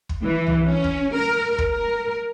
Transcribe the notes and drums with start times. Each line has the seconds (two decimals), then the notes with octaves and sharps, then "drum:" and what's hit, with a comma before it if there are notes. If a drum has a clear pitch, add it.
0.09 drum: kick
0.22 E3
0.47 drum: tom C2
0.65 C#4
0.84 drum: kick
1.14 A#4
1.58 drum: kick
1.69 A#4